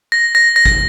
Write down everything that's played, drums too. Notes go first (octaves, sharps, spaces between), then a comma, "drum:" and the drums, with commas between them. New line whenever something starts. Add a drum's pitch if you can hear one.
A#6
A#6
A#6
drum: kick